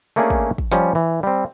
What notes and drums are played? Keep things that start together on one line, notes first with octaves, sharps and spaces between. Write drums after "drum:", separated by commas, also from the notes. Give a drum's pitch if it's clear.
A3 A#3 C#4 D4 G#4
drum: kick
drum: kick
F3 G3 C#4, drum: snare
E3
G3 C4